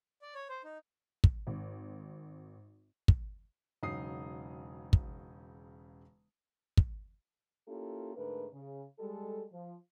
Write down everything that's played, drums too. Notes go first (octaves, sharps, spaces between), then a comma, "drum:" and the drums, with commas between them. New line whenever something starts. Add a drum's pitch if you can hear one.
D5
C#5
C5
D#4
drum: kick
G#1
drum: kick
E1 C#3 F#3 D#4 D#6 C7
drum: kick
drum: kick
A#3 C#4 E4 F4 G4 A4
G#2 D3 A3 A#4 B4
C#3
G3 G#3 A4
F3